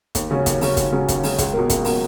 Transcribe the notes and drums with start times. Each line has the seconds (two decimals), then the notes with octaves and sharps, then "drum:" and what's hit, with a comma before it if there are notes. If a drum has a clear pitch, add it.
0.15 D#2, drum: kick, hi-hat
0.31 C#3 F#3 C#4
0.46 D#2, drum: kick, hi-hat
0.61 C#3 F#3 C#4, drum: open hi-hat
0.77 D#2, drum: kick, hi-hat
0.92 C#3 F#3 C#4
1.09 D#2, drum: kick, hi-hat
1.23 C#3 F#3 C#4, drum: open hi-hat
1.39 C#2, drum: kick, hi-hat
1.54 B2 F#3 A#3
1.70 C#2, drum: kick, hi-hat
1.85 B2 F#3 A#3, drum: open hi-hat